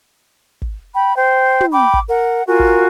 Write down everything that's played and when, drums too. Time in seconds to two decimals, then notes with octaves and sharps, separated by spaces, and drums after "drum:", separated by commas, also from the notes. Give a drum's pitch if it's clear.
0.62 drum: kick
0.95 G5 B5
1.17 C5 G5
1.61 drum: tom
1.72 G5 B5 D6
1.94 drum: kick
2.09 A#4 F#5
2.48 F4 F#4 A#4 G#5
2.59 drum: kick